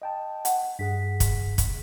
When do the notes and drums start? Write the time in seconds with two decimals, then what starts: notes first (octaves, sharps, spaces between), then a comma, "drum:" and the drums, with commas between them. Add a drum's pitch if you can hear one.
0.02 D#5 G5 A5
0.45 F#5, drum: hi-hat
0.79 G2 G#4 F#5 B6
1.20 drum: kick, hi-hat
1.58 drum: kick, hi-hat